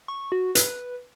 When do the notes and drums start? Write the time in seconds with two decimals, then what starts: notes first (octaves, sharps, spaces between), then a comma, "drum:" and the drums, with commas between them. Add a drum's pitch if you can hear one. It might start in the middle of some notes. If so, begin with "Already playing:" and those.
0.08 C#6
0.32 F#4
0.55 B4, drum: hi-hat